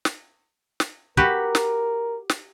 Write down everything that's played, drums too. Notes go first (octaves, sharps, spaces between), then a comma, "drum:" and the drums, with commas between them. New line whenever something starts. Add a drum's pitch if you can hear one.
drum: snare
drum: snare
F#4 G4 A#4 B4, drum: kick
drum: snare
drum: snare